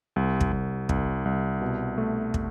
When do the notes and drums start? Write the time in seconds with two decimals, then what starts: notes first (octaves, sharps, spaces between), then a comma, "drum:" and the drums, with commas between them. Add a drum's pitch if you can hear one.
0.16 C2
0.41 drum: kick
0.52 C2
0.89 C2, drum: kick
1.25 C2
1.62 B2
1.98 A3
2.34 drum: kick